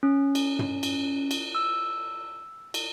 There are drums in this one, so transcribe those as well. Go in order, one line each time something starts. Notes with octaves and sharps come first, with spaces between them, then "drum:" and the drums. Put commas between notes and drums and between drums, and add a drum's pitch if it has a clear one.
C#4
drum: cymbal
drum: tom
drum: cymbal
drum: cymbal
E6
drum: cymbal